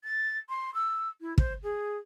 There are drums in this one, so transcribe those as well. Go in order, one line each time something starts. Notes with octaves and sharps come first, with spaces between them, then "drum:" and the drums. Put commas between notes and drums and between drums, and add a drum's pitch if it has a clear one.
A6
C6
E6
E4
C5, drum: kick
G#4